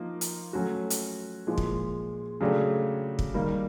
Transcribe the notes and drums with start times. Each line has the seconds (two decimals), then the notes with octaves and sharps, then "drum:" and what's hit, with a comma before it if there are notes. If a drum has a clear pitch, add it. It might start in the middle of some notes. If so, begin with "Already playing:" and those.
Already playing: F3 A#3 D#4
0.21 drum: hi-hat
0.53 F#3 A3 C#4 F#4
0.90 drum: hi-hat
1.47 A#2 F3 G#3
1.58 drum: kick
2.40 C#3 F#3 A3 D4 G4
3.19 drum: kick
3.34 D#3 G3 A#3